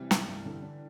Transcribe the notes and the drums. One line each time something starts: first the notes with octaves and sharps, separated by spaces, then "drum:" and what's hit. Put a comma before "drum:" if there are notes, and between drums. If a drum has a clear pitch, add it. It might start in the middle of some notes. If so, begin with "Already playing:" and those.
Already playing: C3 E3 G3
C2, drum: snare
G2
D3
D4